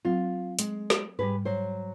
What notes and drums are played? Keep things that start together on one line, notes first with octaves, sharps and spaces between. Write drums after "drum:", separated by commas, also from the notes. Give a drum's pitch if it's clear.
F#3 C4 F4
G#3, drum: hi-hat
drum: snare
G#2 G3 G4 G#4 B4
F#3 C5